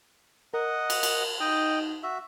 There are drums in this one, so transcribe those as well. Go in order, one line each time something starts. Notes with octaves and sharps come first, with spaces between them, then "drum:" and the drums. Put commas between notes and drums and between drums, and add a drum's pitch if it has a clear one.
A#4 D#5 F#5
drum: cymbal
drum: cymbal
D#4 D#5 G5
F#4 E5